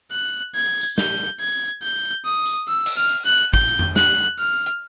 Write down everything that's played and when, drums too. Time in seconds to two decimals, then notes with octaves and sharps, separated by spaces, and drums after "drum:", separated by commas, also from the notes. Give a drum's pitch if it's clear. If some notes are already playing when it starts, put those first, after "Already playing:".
0.12 F#6
0.55 G#6
0.81 drum: tambourine
0.98 G6, drum: snare
1.40 G#6
1.83 G6
2.25 D#6
2.45 drum: tambourine
2.68 E6
2.86 drum: cymbal
2.96 F6
3.25 F#6
3.54 G6, drum: kick
3.79 drum: tom F2
3.96 F#6, drum: snare
4.39 F6
4.66 drum: hi-hat